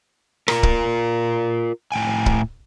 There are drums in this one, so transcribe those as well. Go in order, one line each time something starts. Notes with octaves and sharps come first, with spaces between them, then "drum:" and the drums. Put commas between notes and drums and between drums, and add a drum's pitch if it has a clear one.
F4 A#4, drum: rim click
drum: kick
A2 G5 G#5
drum: kick